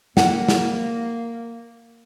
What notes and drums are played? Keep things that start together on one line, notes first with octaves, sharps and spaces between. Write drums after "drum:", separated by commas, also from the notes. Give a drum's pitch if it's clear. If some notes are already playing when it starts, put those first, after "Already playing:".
A#3 F#5, drum: snare
drum: snare